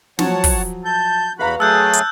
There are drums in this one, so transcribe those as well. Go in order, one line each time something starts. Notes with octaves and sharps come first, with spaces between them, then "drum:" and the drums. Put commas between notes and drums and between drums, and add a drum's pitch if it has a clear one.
F3 F#3 C#5 F#5 A5, drum: snare
drum: kick, open hi-hat
A5 G6
E2 F#4 B4 F5 A#5 B5
F#3 A3 G#4 A5 E6 F#6 G6
drum: hi-hat